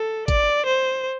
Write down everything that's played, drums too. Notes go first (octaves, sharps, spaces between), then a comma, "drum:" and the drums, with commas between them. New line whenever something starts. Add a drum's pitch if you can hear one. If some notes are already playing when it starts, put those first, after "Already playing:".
Already playing: A4
D5, drum: kick, hi-hat
C5